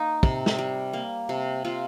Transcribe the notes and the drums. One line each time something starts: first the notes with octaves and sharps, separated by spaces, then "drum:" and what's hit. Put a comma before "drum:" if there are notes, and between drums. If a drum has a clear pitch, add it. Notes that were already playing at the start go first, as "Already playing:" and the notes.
Already playing: A#3 D#4
C3, drum: kick
drum: snare
G3
A#3
C3
C3 F4